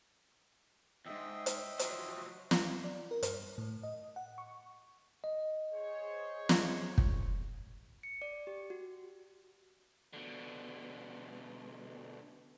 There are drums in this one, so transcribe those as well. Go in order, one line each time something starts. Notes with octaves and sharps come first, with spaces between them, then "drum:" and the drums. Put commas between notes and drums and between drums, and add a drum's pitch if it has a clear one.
E2 G#2 D#5 E5 G5
drum: hi-hat
F3 F#3, drum: hi-hat
drum: snare
D5
A#4
G2, drum: hi-hat
A2
D#5
F#5
C#6
D#5
G#4 C5 C#5
drum: snare
drum: kick
C#7
D5
G4
F#4
B2 D3